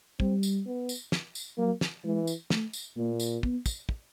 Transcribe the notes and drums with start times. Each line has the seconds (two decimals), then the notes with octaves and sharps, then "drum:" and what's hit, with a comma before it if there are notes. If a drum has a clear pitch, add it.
0.20 G3 C4, drum: kick
0.43 drum: tambourine
0.66 B3
0.89 drum: tambourine
1.12 drum: snare
1.35 drum: tambourine
1.58 F#3 A#3
1.81 drum: snare
2.05 E3 G#3
2.27 drum: tambourine
2.50 A3, drum: snare
2.73 drum: tambourine
2.97 A#2 A#3
3.20 drum: tambourine
3.43 B3, drum: kick
3.66 drum: kick, tambourine
3.89 drum: kick